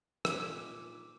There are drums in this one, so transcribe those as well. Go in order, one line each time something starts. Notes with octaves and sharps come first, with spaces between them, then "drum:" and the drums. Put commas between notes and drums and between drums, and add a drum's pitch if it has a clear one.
A#2 D#4 G#4 B4 D6, drum: rim click